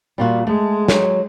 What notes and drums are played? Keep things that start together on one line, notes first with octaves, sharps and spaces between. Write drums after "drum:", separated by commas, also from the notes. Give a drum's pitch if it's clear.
A#2 G3 F4 F#4
G#3 A3
F#3 C#5, drum: snare